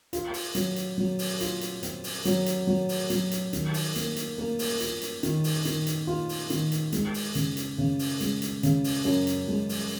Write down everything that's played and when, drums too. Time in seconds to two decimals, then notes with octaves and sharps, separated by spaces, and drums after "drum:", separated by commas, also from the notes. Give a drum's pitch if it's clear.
0.13 F4, drum: hi-hat
0.34 drum: open hi-hat
0.55 F#3, drum: hi-hat
0.76 drum: hi-hat
0.98 F#3
1.19 drum: open hi-hat
1.41 F4, drum: hi-hat
1.61 drum: hi-hat
1.83 C4, drum: hi-hat
2.04 drum: open hi-hat
2.25 F#3, drum: hi-hat
2.46 drum: hi-hat
2.67 F#3
2.89 drum: open hi-hat
3.10 F#3, drum: hi-hat
3.31 drum: hi-hat
3.53 D#3, drum: hi-hat
3.74 drum: open hi-hat
3.95 A#3, drum: hi-hat
4.16 drum: hi-hat
4.38 A#3
4.59 drum: open hi-hat
4.81 F4, drum: hi-hat
5.01 drum: hi-hat
5.23 D#3, drum: hi-hat
5.44 drum: open hi-hat
5.65 D#3, drum: hi-hat
5.87 drum: hi-hat
6.07 F4
6.29 drum: open hi-hat
6.50 D#3, drum: hi-hat
6.72 drum: hi-hat
6.92 G#3, drum: hi-hat
7.14 drum: open hi-hat
7.35 C#3, drum: hi-hat
7.57 drum: hi-hat
7.78 C#3
7.99 drum: open hi-hat
8.20 G#3, drum: hi-hat
8.42 drum: hi-hat
8.63 C#3, drum: hi-hat
8.84 drum: open hi-hat
9.05 F#2
9.27 drum: hi-hat
9.48 G#3
9.69 drum: open hi-hat